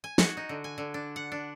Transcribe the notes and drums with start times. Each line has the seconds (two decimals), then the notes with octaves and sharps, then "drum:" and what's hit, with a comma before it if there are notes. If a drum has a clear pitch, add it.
0.04 G#5
0.18 F#4, drum: snare
0.37 D#4
0.49 D3
0.64 G#5
0.78 D3
0.94 D4
1.16 F#5
1.32 D4